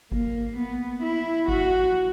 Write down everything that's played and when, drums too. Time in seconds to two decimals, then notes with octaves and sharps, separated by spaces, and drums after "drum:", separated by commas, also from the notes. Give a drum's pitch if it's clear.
0.12 A#3, drum: kick G#1
0.57 B3
1.03 E4
1.48 F#4, drum: kick G#1